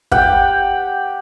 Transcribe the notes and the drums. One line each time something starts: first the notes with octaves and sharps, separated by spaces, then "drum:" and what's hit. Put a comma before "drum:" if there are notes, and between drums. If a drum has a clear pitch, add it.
G4 F#5 G5, drum: kick